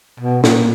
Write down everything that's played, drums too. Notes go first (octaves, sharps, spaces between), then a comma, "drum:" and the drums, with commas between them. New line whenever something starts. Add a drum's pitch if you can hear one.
B2
A#2, drum: snare